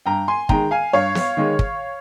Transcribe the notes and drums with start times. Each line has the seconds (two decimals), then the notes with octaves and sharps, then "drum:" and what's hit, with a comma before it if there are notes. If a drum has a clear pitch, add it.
0.06 G2 G5 A#5
0.28 G#5 C6
0.49 D#3 G#3 G5 A#5, drum: kick
0.71 F5 G#5
0.93 G2 C#5 F5
1.15 drum: snare
1.37 D#3 G#3
1.59 drum: kick